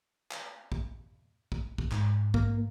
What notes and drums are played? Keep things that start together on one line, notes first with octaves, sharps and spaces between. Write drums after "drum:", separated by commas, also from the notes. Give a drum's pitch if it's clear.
drum: clap
drum: kick
drum: kick
drum: kick
G#2, drum: clap
A#3, drum: kick